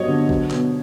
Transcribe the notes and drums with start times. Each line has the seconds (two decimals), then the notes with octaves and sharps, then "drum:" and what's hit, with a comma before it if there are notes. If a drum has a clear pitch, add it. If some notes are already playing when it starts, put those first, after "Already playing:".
Already playing: G2 F#3 C#5 D#5
0.08 D3
0.29 F#3, drum: kick
0.50 B2, drum: clap